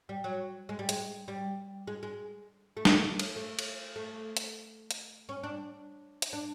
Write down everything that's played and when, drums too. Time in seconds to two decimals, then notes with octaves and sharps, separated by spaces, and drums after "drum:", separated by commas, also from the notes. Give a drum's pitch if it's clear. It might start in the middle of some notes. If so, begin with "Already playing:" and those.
0.09 G3
0.24 F#3
0.69 G#3
0.79 G3
0.89 G#3, drum: hi-hat
1.28 G3
1.87 G#3
2.03 G#3
2.77 A3
2.85 A#3, drum: snare
2.94 A3
3.19 drum: cymbal
3.36 A3
3.59 drum: cymbal
3.96 A3
4.37 drum: hi-hat
4.91 drum: hi-hat
5.29 C#4
5.43 D4
6.22 drum: hi-hat
6.33 D4